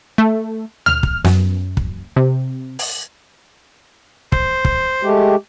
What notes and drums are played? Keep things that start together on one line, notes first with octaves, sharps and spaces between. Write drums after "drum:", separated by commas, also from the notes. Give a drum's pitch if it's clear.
A3
F6, drum: tom D2
drum: kick
F#2, drum: snare
drum: kick
C3
drum: open hi-hat
C5, drum: kick
drum: kick
G#3 A3 G4